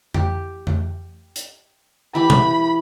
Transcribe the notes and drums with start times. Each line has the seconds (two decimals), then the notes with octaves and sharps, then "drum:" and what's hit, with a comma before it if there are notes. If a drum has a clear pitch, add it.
0.14 G4, drum: tom F2
0.67 drum: tom F2
1.36 drum: hi-hat
2.15 E3 G4 B5
2.30 drum: tom B2